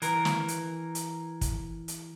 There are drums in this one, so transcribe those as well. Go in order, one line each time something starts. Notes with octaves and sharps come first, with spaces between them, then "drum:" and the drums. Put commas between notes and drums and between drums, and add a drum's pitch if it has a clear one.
E3 A#4, drum: hi-hat
drum: snare
drum: hi-hat
drum: hi-hat
drum: kick, hi-hat
drum: hi-hat